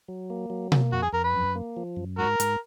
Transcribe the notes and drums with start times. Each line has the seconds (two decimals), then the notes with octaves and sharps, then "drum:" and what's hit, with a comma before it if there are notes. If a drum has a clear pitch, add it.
0.08 F#3
0.30 A#3
0.50 F#3
0.72 A#3, drum: tom B2
0.92 F2 F#4
1.02 G#4
1.13 F2 A#4
1.24 B4
1.34 F#2
1.55 A#3
1.77 F3
1.97 F#2
2.18 G#2 F#4 A#4
2.40 G#2, drum: hi-hat